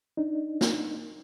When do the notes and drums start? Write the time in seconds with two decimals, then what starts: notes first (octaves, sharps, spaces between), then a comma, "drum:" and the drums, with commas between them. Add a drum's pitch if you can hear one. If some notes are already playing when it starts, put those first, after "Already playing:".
0.17 D4 D#4
0.61 drum: snare